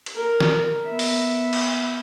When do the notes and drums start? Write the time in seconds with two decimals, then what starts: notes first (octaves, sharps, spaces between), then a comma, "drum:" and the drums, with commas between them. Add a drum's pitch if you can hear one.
0.06 drum: cymbal
0.16 A#4
0.40 drum: snare
0.88 B3 E5
0.99 drum: open hi-hat
1.53 drum: cymbal